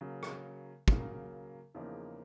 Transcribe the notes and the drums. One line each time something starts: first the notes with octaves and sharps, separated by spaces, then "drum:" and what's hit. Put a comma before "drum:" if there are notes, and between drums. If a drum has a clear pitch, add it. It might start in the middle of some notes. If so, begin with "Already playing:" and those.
C#3 F#3 A#3
drum: rim click
C#3 F#3 A#3, drum: kick
E2 C#3 F3 A#3 D#4